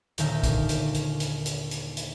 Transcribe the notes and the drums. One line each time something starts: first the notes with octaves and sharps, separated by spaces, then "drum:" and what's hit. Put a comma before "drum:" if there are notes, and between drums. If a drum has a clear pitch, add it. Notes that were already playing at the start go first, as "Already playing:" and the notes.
D#1 D#2 D3 A#4 E5 G6, drum: hi-hat
drum: kick, hi-hat
drum: hi-hat
drum: hi-hat
drum: hi-hat
drum: hi-hat
drum: hi-hat
drum: hi-hat